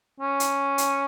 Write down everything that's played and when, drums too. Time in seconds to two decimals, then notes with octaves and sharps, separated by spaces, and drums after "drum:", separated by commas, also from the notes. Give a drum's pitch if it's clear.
0.20 C#4
0.40 drum: hi-hat
0.78 drum: hi-hat